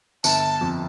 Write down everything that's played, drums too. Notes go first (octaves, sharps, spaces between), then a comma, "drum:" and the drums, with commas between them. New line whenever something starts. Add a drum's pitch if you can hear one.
G1 A5, drum: tambourine
F2